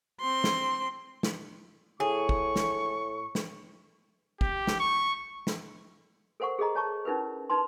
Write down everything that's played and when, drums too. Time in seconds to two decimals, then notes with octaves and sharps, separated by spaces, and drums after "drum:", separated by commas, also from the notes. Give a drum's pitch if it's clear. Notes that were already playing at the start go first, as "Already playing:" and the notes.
0.20 C4 C6
0.44 drum: snare
1.23 drum: snare
2.00 A2 G#4 C#6
2.29 drum: kick
2.56 drum: snare
3.35 drum: snare
4.41 G4, drum: kick
4.67 drum: snare
4.80 C#6
5.47 drum: snare
6.40 A4 A#4 C5 F#5 C#6
6.59 G#4 A4 D#5 A#5
6.75 C#5 A5 C#6
7.05 C#4 D#4 E4 A#4 B4
7.50 D#4 B4 A5 C6